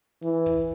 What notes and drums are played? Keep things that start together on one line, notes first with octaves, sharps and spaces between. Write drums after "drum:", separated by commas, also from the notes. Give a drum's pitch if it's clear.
E3, drum: open hi-hat
drum: kick